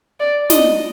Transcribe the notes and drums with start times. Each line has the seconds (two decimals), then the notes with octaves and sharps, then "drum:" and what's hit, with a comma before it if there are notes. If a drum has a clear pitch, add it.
0.20 D5
0.50 D#5, drum: snare